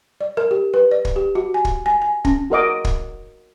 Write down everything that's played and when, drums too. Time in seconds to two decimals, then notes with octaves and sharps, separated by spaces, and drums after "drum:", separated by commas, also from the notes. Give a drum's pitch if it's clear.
0.21 D5
0.37 A#4
0.51 G4
0.74 B4
0.91 D5
1.05 drum: kick
1.16 G4
1.35 F#4
1.54 G#5
1.65 drum: kick
1.86 G#5
2.02 G#5
2.25 C#4, drum: kick
2.50 F#4 A#4 D#5 D6
2.85 drum: kick